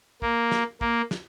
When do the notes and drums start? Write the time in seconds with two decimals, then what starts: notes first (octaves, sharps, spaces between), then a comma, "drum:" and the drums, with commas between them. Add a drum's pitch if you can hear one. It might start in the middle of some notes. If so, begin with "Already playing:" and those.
0.22 A#3, drum: kick
0.52 drum: snare
0.81 A#3, drum: kick
1.11 drum: snare